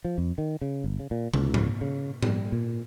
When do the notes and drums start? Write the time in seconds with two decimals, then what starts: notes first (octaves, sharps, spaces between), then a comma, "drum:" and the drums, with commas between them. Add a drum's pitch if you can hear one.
0.05 F3
0.18 F2
0.38 D#3
0.61 C#3
0.84 G1
0.99 C#3
1.11 A#2
1.34 C#2, drum: tom
1.54 drum: tom G#2
1.81 C#3
2.23 G3, drum: tom G#2
2.52 A#2